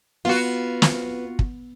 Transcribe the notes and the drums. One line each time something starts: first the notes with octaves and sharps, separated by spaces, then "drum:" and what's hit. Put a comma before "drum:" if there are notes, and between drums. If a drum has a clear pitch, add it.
B3 F4 F#4
drum: snare
drum: kick